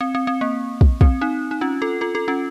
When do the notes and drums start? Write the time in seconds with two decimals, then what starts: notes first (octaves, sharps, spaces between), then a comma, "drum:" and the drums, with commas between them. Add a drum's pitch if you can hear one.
0.01 C4
0.15 C4
0.27 C4
0.41 A#3
0.81 drum: kick
1.01 C4, drum: kick
1.21 C4 D#4
1.51 D#4
1.61 C#4 F4
1.82 F4 A4
2.01 F4 A4
2.15 F4 A4
2.28 C#4 F4